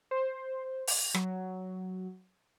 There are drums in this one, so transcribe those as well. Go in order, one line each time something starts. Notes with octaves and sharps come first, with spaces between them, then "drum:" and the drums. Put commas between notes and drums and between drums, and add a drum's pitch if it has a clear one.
C5
drum: open hi-hat
F#3, drum: rim click